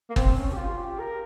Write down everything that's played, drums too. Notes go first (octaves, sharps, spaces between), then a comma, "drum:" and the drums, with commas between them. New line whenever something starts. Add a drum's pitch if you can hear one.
A#3
C4, drum: kick G1
C#4
G4
F4
G4
A#4